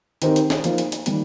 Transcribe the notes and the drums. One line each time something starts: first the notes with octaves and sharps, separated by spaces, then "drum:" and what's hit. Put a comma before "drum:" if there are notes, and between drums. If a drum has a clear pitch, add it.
D#3 C4 D#4 G4 A#4, drum: hi-hat
drum: hi-hat
drum: snare
F3 A#3 D#4 C5, drum: hi-hat
drum: hi-hat
drum: hi-hat
D#3 G3 A#3 G4, drum: hi-hat